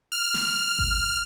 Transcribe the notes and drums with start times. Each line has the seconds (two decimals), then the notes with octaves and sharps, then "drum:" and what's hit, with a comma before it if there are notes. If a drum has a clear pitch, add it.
0.12 F6
0.34 drum: snare
0.79 drum: kick G#1